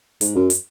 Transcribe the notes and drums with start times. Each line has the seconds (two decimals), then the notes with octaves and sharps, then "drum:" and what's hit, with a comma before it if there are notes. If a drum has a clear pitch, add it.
0.21 G#2, drum: hi-hat
0.35 F#2
0.50 drum: hi-hat